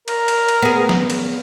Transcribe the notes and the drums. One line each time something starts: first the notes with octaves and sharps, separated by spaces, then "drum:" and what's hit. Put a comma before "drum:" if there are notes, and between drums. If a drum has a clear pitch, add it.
A#4, drum: cymbal
drum: cymbal
drum: cymbal
B3 G#4
drum: snare
drum: cymbal